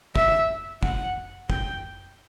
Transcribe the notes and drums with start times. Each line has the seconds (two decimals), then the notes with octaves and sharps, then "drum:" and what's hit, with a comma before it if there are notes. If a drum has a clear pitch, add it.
0.16 E5, drum: kick
0.83 F#5, drum: kick
1.50 G5, drum: kick